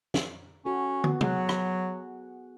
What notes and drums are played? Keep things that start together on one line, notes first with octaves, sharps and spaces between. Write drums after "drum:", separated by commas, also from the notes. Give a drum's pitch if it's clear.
drum: snare
C#4 F#4 A4
B3 F#4, drum: tom
F#3 F#4 G#4 F#5, drum: tom
drum: rim click